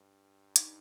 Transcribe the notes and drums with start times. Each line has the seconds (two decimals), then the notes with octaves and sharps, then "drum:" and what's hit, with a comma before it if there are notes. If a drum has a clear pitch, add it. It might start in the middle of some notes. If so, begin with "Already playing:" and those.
Already playing: G2
0.56 D#4, drum: hi-hat